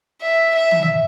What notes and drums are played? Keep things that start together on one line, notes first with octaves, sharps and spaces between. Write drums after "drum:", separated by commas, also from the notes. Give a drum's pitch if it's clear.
E5
E5
drum: tom